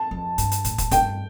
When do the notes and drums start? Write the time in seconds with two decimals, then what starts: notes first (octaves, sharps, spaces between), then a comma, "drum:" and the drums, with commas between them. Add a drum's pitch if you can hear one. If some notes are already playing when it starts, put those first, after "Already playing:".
Already playing: A5
0.11 F2
0.38 G2, drum: hi-hat
0.51 drum: hi-hat
0.64 A2, drum: hi-hat
0.78 drum: kick, hi-hat
0.91 G2 G5, drum: kick, hi-hat